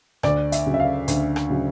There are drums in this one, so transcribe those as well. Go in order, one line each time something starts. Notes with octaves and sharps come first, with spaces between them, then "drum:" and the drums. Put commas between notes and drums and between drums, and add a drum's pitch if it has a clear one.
D2 D5, drum: rim click
E5, drum: hi-hat
C#3 F#3
E5
F5
D2, drum: hi-hat
drum: rim click
C#3 F#3